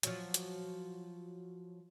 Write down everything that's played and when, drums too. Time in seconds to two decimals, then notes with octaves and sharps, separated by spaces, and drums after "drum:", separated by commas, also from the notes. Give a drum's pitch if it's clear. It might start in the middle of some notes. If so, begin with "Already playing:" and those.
0.03 F3 F#3, drum: hi-hat
0.34 drum: hi-hat